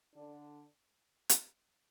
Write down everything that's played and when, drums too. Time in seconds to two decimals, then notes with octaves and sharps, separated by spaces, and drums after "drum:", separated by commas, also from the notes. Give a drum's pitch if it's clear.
0.15 D3 D4
1.29 drum: hi-hat